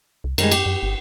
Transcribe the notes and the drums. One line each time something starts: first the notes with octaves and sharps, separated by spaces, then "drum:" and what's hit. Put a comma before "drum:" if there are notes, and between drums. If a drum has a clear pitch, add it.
C2
F#2 D#3 G3 G#3, drum: cymbal
G4, drum: cymbal
F#2
G1